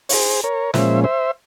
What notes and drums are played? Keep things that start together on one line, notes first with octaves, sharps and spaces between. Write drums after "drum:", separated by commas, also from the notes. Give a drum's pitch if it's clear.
C#5, drum: open hi-hat
G#4 C5
A#4 C#5
A#2 F3 G#3 C#4 C5 E5, drum: snare
C5 E5